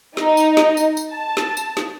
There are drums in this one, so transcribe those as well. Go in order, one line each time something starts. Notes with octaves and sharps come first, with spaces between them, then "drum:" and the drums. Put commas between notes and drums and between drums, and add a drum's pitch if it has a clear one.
D#4, drum: snare
drum: tambourine
drum: snare
drum: tambourine
drum: tambourine
A5
drum: snare
drum: tambourine
drum: snare